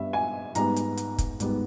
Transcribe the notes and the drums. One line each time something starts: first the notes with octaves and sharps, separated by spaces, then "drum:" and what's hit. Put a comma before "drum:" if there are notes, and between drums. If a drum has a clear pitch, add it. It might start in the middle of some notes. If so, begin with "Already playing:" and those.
Already playing: G2 G3 B3 E5
G#5
G#2 G3 B3 A#5, drum: hi-hat
drum: hi-hat
drum: hi-hat
drum: kick, hi-hat
G#2 G3 B3, drum: hi-hat